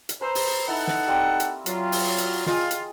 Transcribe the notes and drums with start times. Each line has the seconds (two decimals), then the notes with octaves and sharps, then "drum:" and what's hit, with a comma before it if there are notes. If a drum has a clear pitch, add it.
0.09 drum: hi-hat
0.21 B4 C5 A#5 E6
0.35 drum: open hi-hat
0.68 D#4 E4 A4 F#5
0.87 drum: snare
1.07 G3 A#3 C4
1.40 drum: hi-hat
1.66 F#3 F4 A#5, drum: hi-hat
1.92 drum: open hi-hat
2.18 drum: hi-hat
2.46 F4 G#4 D#5, drum: snare
2.71 drum: hi-hat